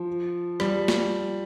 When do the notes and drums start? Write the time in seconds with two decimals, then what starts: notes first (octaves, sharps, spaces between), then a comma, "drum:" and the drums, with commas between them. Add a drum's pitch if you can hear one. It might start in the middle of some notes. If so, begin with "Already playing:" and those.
Already playing: F3
0.60 G3, drum: rim click
0.88 drum: snare